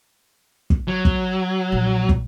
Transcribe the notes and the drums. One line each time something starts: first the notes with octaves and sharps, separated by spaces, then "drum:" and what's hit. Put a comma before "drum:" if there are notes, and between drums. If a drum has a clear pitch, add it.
drum: kick
F#3
drum: kick
A#1
drum: kick